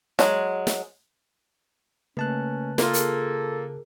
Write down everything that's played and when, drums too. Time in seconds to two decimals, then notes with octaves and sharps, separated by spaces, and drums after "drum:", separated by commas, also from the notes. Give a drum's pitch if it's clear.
0.19 F#3 G#3, drum: snare
0.67 drum: snare
2.17 C#3 A3 A#3 C#4 B4 A5 F#6
2.78 A#3 F4 A4, drum: snare
2.94 G#4 A#4, drum: hi-hat